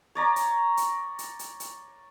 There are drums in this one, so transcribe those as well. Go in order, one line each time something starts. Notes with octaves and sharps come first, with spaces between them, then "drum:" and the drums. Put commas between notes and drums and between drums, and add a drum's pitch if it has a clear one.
C#5 D5 A#5
drum: hi-hat
drum: hi-hat
drum: hi-hat
drum: hi-hat
drum: hi-hat